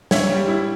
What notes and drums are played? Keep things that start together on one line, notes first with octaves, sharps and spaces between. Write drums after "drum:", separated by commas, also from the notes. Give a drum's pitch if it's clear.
C#4 C#5 E5, drum: snare
G3
E4